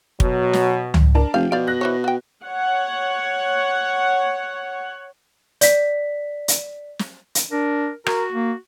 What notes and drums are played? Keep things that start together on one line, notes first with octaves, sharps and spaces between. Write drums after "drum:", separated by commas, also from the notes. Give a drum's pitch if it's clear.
B2 F#3, drum: kick
drum: snare
drum: tom C#2
D4 A#4 A5
F1 F3 G4 F5
B2 D5 F5
F#6 A#6
E3 C5 C#5
F#4 G5
C#5 F#5
D5 B6, drum: hi-hat
drum: hi-hat
drum: snare
drum: hi-hat
D4 A#4
F#4 A#4, drum: rim click
A#3